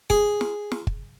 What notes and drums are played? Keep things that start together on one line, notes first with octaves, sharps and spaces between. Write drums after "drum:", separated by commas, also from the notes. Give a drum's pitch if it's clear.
G#4, drum: kick
drum: snare
drum: snare
drum: kick